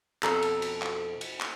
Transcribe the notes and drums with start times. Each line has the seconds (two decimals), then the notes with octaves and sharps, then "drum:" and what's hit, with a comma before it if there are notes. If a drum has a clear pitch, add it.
0.23 F2 B2 A4 A#5, drum: clap
0.42 drum: cymbal
0.62 drum: cymbal
0.82 drum: clap
1.21 drum: cymbal
1.41 drum: clap